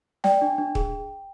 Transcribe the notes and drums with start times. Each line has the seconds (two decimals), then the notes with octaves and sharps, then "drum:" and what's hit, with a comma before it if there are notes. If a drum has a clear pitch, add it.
0.24 D5 G5, drum: snare
0.42 D4
0.58 D4
0.75 G#4, drum: kick